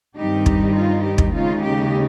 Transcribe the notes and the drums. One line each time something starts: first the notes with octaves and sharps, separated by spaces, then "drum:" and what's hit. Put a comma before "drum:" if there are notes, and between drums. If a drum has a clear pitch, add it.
G2 D#3 G3 C4 D#4 G4
drum: kick
F4
G4
drum: kick
D#2 C#3 G#3 D#4 F4
G4